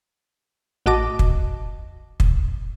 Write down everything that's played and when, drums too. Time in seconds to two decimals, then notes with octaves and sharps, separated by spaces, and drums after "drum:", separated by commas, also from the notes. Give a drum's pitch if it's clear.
0.86 A1 F#4 D#5 A5 D6 A#6
1.19 drum: kick
2.20 drum: kick